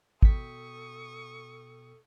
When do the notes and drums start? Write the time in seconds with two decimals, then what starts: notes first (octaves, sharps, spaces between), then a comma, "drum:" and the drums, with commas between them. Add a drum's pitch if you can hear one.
0.23 B2 A4 G5 C#6 D#6 B6, drum: kick